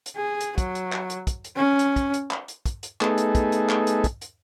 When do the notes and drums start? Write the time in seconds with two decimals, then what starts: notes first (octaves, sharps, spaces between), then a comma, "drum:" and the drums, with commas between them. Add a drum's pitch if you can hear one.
0.06 drum: hi-hat
0.17 G#4
0.40 drum: hi-hat
0.58 F#3, drum: kick, hi-hat
0.75 drum: hi-hat
0.92 drum: clap
1.10 drum: hi-hat
1.27 drum: kick, hi-hat
1.44 drum: hi-hat
1.56 C#4
1.79 drum: hi-hat
1.96 drum: kick, hi-hat
2.14 drum: hi-hat
2.31 drum: clap
2.48 drum: hi-hat
2.66 drum: kick, hi-hat
2.83 drum: hi-hat
3.01 A3 B3 D#4 G#4 A4, drum: clap
3.17 drum: hi-hat
3.35 drum: kick, hi-hat
3.52 drum: hi-hat
3.69 drum: clap
3.87 drum: hi-hat
4.04 drum: kick, hi-hat
4.21 drum: hi-hat